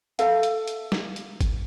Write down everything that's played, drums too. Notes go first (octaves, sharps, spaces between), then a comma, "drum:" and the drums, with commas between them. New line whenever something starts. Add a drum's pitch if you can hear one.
A4 E5 F5, drum: hi-hat
drum: hi-hat
drum: hi-hat
drum: snare
drum: hi-hat
drum: kick, hi-hat